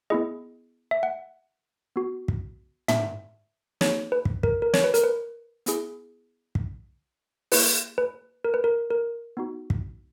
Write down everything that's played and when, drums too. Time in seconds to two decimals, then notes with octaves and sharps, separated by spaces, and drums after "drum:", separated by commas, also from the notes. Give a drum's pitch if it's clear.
0.10 B3 E4 G#4 D#5
0.91 E5
1.03 F#5
1.96 B3 F#4
2.28 drum: kick
2.88 E5, drum: tom
3.81 A#3 D#4 G#4 C#5, drum: snare
4.12 B4
4.25 drum: kick
4.43 A#4, drum: kick
4.62 A#4
4.74 C#5, drum: snare
4.84 B4
4.94 A#4, drum: hi-hat
5.04 B4
5.66 B3 E4 G#4, drum: hi-hat
6.55 drum: kick
7.52 A#3 E4 G#4 B4, drum: open hi-hat
7.98 B4
8.45 A#4
8.54 B4
8.64 A#4
8.90 A#4
9.37 B3 D#4 F#4
9.70 drum: kick